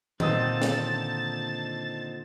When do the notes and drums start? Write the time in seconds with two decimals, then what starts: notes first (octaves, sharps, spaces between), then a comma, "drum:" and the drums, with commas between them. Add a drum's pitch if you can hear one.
0.20 A#2 D3 D#3 C4 D#4 A5 D#6 A6, drum: tom D#3
0.62 drum: snare